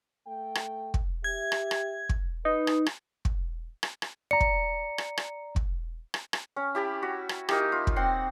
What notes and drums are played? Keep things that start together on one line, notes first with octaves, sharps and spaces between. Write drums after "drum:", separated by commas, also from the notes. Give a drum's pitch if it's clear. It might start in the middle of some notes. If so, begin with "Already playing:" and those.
A3 G5
drum: rim click
drum: kick
G4 E5 G#6
drum: rim click
drum: rim click
drum: kick
D#4 B4
drum: rim click
drum: rim click
drum: kick
drum: rim click
drum: rim click
D5 A#5 C#7
drum: kick
drum: rim click
drum: rim click
drum: kick
drum: rim click
drum: rim click
C#4
E4 G4 A5 B5
F#4
drum: rim click
A#3 D#4 E4 G4, drum: rim click
F4
drum: kick
C4 F#5 C6